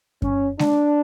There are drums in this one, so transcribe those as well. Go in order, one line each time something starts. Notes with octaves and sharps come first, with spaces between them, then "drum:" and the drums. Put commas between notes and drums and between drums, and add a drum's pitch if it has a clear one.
C#4, drum: kick F#2
D4, drum: snare G#3